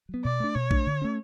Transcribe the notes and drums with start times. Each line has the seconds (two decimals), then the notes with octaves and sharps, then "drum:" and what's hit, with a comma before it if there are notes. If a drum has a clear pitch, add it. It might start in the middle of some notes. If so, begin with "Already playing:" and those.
0.09 F#3
0.14 B3
0.25 B2 D5
0.40 A3 D4
0.55 B2 C#5
0.71 A3 D4, drum: kick A#1
0.86 D3
1.02 A3 C#4